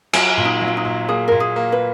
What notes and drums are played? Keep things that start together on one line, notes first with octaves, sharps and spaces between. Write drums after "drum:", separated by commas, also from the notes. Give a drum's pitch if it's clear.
F#3 F4, drum: cymbal
A#2
D#4
F#3
F4
D#4
A#2
A#3 G#4
A#2 A#4
G#4
A#3
B4